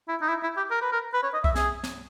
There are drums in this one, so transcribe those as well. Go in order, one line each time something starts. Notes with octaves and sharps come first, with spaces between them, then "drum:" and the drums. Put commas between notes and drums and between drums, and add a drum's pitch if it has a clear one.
E4
D#4
E4
E4
G4
A#4
B4
A#4
B4
C#5
D#5
E5, drum: kick B1
G#4, drum: snare
drum: snare